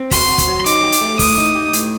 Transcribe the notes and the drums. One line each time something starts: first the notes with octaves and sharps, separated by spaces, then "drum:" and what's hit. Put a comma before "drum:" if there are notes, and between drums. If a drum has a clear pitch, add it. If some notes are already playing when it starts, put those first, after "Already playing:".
Already playing: C4
F#4 C6, drum: kick, open hi-hat
F#4
drum: kick, hi-hat
F#3
D#4 D6, drum: hi-hat
G4
drum: hi-hat
A3
A2 D#6, drum: kick, open hi-hat
D#4
G4
A2, drum: hi-hat